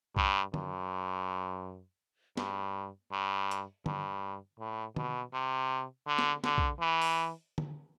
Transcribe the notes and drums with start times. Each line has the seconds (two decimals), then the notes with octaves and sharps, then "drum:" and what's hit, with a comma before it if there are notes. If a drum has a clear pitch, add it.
0.16 G2, drum: kick
0.54 F#2, drum: tom D3
2.37 G2, drum: snare
3.12 G2
3.51 drum: hi-hat
3.86 G2, drum: tom D3
4.59 A2
4.96 B2, drum: tom D3
5.33 C3
6.07 D3
6.18 drum: snare
6.44 D3, drum: snare
6.58 drum: kick
6.80 E3
7.02 drum: open hi-hat
7.58 drum: tom D3